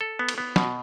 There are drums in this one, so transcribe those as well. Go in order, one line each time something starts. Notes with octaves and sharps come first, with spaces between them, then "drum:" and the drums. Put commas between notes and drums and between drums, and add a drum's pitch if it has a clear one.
A4
B3
drum: cymbal
B3
B2, drum: snare